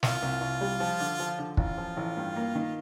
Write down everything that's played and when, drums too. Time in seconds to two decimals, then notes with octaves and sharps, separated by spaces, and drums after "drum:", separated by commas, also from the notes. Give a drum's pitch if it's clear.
0.03 C2 F4, drum: snare
0.22 C2
0.41 C2
0.61 G3
0.80 F3
1.00 D3
1.20 F3
1.38 D3
1.57 A1 F4, drum: kick
1.78 F3
1.97 A1
2.17 G2
2.36 A#3
2.55 D#3